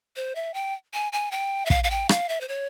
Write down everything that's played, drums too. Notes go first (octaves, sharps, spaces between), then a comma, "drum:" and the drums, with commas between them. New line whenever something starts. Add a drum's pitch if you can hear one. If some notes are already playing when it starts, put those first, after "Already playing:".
C5
E5
G5
G#5
G#5
G5
E5
F5, drum: kick
F5
G5
F5, drum: rim click
E5
C5
C#5